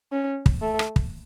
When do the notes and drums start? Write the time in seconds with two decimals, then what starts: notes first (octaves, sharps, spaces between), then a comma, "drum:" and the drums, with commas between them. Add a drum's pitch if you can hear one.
0.13 C#4
0.46 drum: kick
0.62 A3
0.79 drum: rim click
0.96 drum: kick